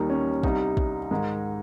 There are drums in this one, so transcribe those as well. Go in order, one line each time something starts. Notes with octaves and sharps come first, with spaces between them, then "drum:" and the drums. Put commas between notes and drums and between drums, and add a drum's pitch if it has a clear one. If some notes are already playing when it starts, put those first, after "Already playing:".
Already playing: D#2 D#3 G3 D#4
C#4
C2 C3 G3 D#4, drum: kick
drum: kick
G#2 D#3 G#3